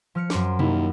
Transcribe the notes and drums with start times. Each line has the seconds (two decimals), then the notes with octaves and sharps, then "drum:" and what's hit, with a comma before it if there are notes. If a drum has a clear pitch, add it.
0.15 F3 F6 C#7
0.30 F#2 C6 D6, drum: snare
0.59 D#2 E4, drum: tom B2